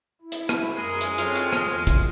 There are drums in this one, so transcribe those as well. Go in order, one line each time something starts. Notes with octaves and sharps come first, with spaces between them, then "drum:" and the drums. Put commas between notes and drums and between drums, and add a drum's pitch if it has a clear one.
E4
drum: hi-hat
drum: rim click
F#2 G#3 G#4 A#4
drum: hi-hat
C4 F4 A4 C#5, drum: hi-hat
drum: hi-hat
drum: rim click
E2
drum: kick, hi-hat